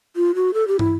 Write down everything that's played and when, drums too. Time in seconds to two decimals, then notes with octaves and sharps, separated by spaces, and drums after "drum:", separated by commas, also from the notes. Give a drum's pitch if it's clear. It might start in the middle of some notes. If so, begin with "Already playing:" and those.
0.16 F4
0.35 F#4
0.54 A4
0.68 G4
0.79 E4, drum: tom